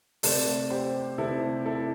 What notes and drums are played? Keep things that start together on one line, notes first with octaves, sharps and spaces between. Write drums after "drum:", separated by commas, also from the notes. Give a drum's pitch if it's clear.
C3 A3 A4 D5, drum: open hi-hat
G4 C5
C3 A3 E4 A4
E4 A4